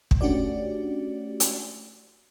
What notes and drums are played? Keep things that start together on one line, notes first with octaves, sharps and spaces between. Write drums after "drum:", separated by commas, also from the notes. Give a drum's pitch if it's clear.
drum: kick
A3 C#4 D4 F#4 G4 D5
drum: hi-hat